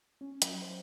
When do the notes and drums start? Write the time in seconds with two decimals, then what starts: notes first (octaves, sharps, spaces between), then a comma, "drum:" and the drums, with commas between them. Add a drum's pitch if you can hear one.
0.21 C#4
0.42 F#3, drum: hi-hat
0.62 C5